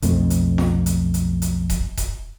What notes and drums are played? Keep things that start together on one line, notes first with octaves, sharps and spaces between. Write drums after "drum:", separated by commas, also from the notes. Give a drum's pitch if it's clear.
B1 F2 A3 C4, drum: hi-hat
drum: hi-hat
drum: snare F4
drum: hi-hat
drum: hi-hat
drum: hi-hat
drum: kick D#1, hi-hat
drum: kick D#1, hi-hat